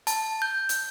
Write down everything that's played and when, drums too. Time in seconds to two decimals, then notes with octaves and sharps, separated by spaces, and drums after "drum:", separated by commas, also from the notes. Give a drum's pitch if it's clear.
0.07 A5, drum: hi-hat
0.42 G6
0.69 drum: hi-hat